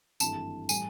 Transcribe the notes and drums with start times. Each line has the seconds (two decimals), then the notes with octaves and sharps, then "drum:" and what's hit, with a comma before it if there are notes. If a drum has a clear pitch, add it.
0.20 G#1 G2 E3 A3 A5, drum: tambourine
0.69 A2 E3 G3 G#5, drum: tambourine